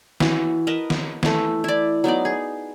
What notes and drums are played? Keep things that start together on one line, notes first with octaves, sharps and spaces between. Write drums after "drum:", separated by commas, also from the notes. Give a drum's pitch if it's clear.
E3 F#4, drum: snare
A#4 B4 D#5 A5
drum: snare
E3 A3, drum: snare
E4 D5
F#3 B3 D#4 D5
G#4